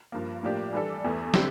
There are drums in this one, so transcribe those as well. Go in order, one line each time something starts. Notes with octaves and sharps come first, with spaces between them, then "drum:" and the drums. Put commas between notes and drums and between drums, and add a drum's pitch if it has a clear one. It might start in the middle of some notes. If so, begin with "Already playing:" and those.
G2 F3 A#3
A2 F3 A#3 D4 G4
E3 G3 D4 A4
E2 E3 A3
D3 G3 C4 E4 G4, drum: snare